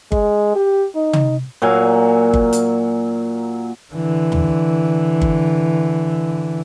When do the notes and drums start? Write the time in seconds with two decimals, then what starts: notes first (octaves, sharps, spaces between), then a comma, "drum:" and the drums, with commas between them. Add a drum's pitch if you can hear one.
0.12 G#3, drum: kick G1
0.56 G4
0.96 D#4
1.13 drum: tom
1.62 A#2 F#3 F5 G#5
2.34 drum: kick G1
2.53 drum: hi-hat
3.93 D3 E3
4.32 drum: tom
5.22 drum: kick G1